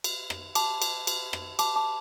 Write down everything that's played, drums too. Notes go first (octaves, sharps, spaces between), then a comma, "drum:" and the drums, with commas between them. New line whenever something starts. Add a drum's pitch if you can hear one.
drum: cymbal
drum: rim click
A5 D6, drum: cymbal
drum: cymbal
drum: cymbal
drum: rim click
A5 D6, drum: cymbal
A5 D6